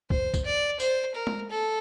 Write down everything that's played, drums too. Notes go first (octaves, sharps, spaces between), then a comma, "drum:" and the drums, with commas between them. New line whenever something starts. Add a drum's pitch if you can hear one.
C5, drum: kick
drum: kick, tambourine
D5
C5, drum: tambourine
A#4
drum: tom G#3
A4